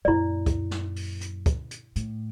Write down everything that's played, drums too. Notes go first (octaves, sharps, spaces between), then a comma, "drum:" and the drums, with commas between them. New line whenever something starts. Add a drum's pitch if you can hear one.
F#2 A#2 E4 D5
drum: kick, hi-hat
drum: snare
drum: open hi-hat
drum: hi-hat
drum: kick, hi-hat
drum: hi-hat
A2, drum: hi-hat